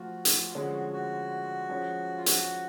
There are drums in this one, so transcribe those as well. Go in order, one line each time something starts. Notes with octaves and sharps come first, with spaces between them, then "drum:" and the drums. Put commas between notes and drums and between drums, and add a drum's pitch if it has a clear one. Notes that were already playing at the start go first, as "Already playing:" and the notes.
Already playing: F3 A3 F4 F#4
drum: hi-hat
F4
D3 F3 G#3 C#4 F#4
F#4
F#4
F3 G#3 C#4
F4
F#4, drum: hi-hat